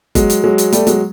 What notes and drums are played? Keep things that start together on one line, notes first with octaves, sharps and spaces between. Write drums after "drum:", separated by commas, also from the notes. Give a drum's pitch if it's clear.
F#3 G#3, drum: kick G1, hi-hat
drum: hi-hat
F#3 G#3
drum: hi-hat
G3 A3, drum: hi-hat
F#3 G#3, drum: hi-hat